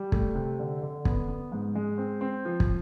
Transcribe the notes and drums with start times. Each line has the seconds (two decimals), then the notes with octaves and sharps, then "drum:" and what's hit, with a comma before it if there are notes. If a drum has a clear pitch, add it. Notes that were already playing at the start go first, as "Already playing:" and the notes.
Already playing: G3
0.12 A3, drum: kick
0.35 C3
0.59 D3
0.82 D3
1.05 B3, drum: kick
1.28 B3
1.52 G#2
1.75 G#3
1.98 C4
2.21 C4
2.45 F3
2.60 drum: kick